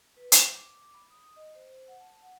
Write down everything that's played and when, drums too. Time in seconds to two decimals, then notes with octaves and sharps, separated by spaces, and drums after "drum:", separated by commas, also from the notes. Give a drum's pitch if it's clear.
0.17 B4
0.32 C5, drum: hi-hat
0.55 D6
0.94 B5
1.10 D#6
1.36 D#5
1.55 C5
1.75 C5
1.88 F#5
2.00 A5
2.22 F#5